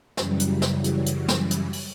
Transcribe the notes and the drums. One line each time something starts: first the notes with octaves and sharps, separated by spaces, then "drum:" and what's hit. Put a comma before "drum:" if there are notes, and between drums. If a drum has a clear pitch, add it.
F#2 C#3 E3 F#3 G3, drum: snare
drum: hi-hat
drum: snare
drum: hi-hat
drum: hi-hat
drum: snare
drum: hi-hat
drum: open hi-hat